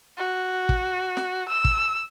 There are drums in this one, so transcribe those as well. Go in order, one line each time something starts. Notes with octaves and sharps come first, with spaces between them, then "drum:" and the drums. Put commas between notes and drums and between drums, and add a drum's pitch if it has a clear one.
F#4
drum: kick
drum: snare
E6
drum: kick